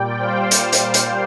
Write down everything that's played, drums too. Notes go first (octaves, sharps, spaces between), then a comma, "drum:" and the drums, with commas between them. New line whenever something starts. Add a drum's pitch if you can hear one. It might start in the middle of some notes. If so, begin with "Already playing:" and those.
Already playing: A#2 G3 D5 G5
C5 F5
drum: hi-hat
drum: hi-hat
drum: hi-hat